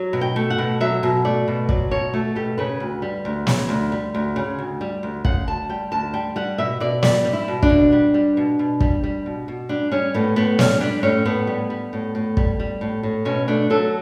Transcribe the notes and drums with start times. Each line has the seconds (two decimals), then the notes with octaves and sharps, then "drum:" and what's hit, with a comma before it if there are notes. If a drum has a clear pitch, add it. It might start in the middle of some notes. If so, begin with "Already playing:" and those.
Already playing: F#3
0.13 B2
0.21 G5
0.36 A3
0.50 F#5
0.58 B2
0.81 F#3 E5
1.03 B2
1.25 A3 D5
1.48 B2
1.69 F#3 D5, drum: kick
1.91 B2 C#5
2.13 A3 A4
2.35 B2 G4
2.58 C#3 B4
2.80 D2
3.02 G3
3.25 D2
3.47 C#3, drum: snare
3.69 D2
3.92 G3
4.15 D2
4.36 C#3
4.59 D2
4.81 G3
5.03 D2
5.25 C#3 F#5, drum: kick
5.47 D2 A5
5.69 G3 G5
5.92 D2 A5
6.14 G3 G5
6.36 G3 F#5
6.58 B2 E5
6.80 B2 D5
7.03 G3 D5, drum: snare
7.25 G3
7.33 E4
7.48 B2
7.63 D4, drum: kick
7.70 B2
7.92 G3
8.14 G3
8.37 B2
8.59 B2
8.81 G3, drum: kick
9.04 G3
9.26 B2
9.48 B2
9.69 G3 D4
9.92 G3 C#4
10.14 A2 B3
10.36 A2 B3
10.59 G3 C#4, drum: snare
10.81 G3 D4
11.03 A2 C#4
11.25 A2 B3
11.47 G3
11.70 G3
11.93 A2
12.15 A2
12.37 G3, drum: kick
12.60 G3
12.81 A2
13.03 A2
13.25 B2 C#4
13.48 A3 D4
13.70 F#3 A4